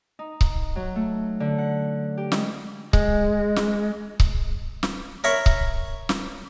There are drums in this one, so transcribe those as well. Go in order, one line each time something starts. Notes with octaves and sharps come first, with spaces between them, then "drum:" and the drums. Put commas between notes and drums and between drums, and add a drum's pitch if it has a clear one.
D#4
drum: kick C#1
F#3
A3
D3
F#5
G4
G#3, drum: snare
G#3, drum: kick C#1
drum: snare
drum: kick C#1
drum: snare
A#4 C#5 E5 B5 C#6
drum: kick C#1
drum: snare